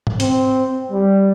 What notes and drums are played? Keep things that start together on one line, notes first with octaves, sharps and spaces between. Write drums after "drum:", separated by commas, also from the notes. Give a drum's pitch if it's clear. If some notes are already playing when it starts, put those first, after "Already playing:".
drum: tom G#2
C4, drum: hi-hat
G3